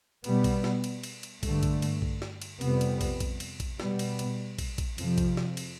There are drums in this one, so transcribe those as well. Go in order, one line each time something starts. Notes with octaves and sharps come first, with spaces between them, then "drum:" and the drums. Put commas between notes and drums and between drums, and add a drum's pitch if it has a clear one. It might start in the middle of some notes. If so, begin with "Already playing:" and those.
B2 G3 B3, drum: cymbal
drum: kick, cymbal
drum: snare
drum: cymbal
drum: cymbal
drum: cymbal
G2 D3 A3, drum: kick, cymbal
drum: kick, cymbal
drum: cymbal
drum: kick
drum: snare
drum: cymbal
F2 C3 G3 B3, drum: cymbal
drum: cymbal
drum: kick, cymbal
drum: kick, cymbal
drum: cymbal
drum: kick, cymbal
B2 G3 B3, drum: snare
drum: cymbal
drum: cymbal
drum: kick, cymbal
drum: kick, cymbal
F2 C3 F3, drum: cymbal
drum: kick, cymbal
drum: snare
drum: cymbal